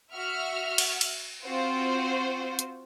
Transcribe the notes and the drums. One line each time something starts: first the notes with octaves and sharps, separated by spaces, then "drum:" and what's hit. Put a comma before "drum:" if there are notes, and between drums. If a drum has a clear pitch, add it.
F#4 E5 F6
drum: cymbal
drum: cymbal
C4 F4 F#4 C5
drum: hi-hat